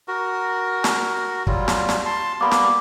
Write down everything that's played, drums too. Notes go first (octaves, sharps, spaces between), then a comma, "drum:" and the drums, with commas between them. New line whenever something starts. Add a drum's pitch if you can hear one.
F#4 A#4
drum: snare
F#3 G3 F4, drum: kick
drum: snare
drum: snare
A5 C6
G3 A#3 B3 B5 D6
drum: snare